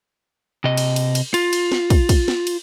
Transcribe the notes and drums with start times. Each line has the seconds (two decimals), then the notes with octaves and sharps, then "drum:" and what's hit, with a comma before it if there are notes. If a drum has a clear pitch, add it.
0.64 C3 D#5
0.77 drum: cymbal
0.96 drum: cymbal
1.15 drum: cymbal
1.34 F4, drum: cymbal
1.53 drum: cymbal
1.72 drum: snare
1.90 drum: kick, cymbal
2.09 drum: kick, cymbal
2.28 drum: snare
2.47 drum: cymbal